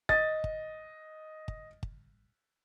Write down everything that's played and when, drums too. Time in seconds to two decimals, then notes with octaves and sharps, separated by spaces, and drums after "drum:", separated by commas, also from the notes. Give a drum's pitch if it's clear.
0.09 D#5 A6, drum: kick
0.44 drum: kick
1.48 drum: kick
1.83 drum: kick